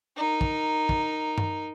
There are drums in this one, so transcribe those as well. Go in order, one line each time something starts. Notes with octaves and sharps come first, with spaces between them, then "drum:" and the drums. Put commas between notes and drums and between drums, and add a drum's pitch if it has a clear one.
D#4 A#4
drum: kick
drum: kick
drum: tom G2